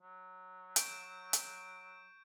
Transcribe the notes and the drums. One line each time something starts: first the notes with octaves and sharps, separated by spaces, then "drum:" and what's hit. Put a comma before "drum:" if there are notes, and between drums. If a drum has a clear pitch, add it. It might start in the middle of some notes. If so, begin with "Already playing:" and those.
F#3
C#6 G6 D7, drum: hi-hat
drum: hi-hat